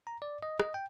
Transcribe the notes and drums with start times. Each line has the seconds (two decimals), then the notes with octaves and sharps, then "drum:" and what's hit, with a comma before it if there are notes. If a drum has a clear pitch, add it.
0.07 A#5
0.22 D5
0.43 D#5
0.60 D#5, drum: rim click
0.74 G5